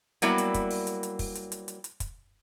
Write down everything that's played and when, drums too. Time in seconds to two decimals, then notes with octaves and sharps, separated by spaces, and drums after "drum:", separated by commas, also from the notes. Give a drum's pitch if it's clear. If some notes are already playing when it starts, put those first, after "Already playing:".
0.22 F#3 G3 A#3 B3 E4, drum: hi-hat
0.38 drum: hi-hat
0.54 drum: kick, hi-hat
0.71 drum: open hi-hat
0.87 drum: hi-hat
1.03 drum: hi-hat
1.19 drum: kick, open hi-hat
1.35 drum: hi-hat
1.52 drum: hi-hat
1.68 drum: hi-hat
1.84 drum: hi-hat
2.00 drum: kick, hi-hat